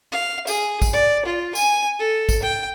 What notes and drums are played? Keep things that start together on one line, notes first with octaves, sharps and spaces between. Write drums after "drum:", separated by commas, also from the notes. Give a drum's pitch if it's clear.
F5
G#4, drum: tambourine
drum: kick A1, tambourine
D5
F4
G#5, drum: tambourine
A4
drum: kick A1, tambourine
G5